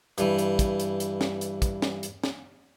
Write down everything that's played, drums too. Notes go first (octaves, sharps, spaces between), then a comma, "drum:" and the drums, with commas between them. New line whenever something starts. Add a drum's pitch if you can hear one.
G2 E3, drum: hi-hat
drum: hi-hat
drum: kick, hi-hat
drum: hi-hat
drum: hi-hat
drum: snare
drum: hi-hat
drum: kick, hi-hat
drum: snare
drum: hi-hat
drum: snare